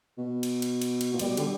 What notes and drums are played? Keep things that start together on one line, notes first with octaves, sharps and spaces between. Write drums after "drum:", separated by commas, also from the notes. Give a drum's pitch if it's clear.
B2
drum: cymbal
drum: cymbal
drum: cymbal
drum: cymbal
A#2
B2 G3, drum: cymbal
D3, drum: cymbal